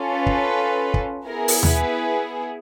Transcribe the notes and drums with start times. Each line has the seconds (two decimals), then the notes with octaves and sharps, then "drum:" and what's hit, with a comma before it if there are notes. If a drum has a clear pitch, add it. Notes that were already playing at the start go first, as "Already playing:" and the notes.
Already playing: C#4 F4 A4
0.17 B4
0.26 drum: kick
0.94 drum: kick
1.26 B3 E4 G#4 A#4
1.48 drum: open hi-hat
1.63 B4, drum: tom D#2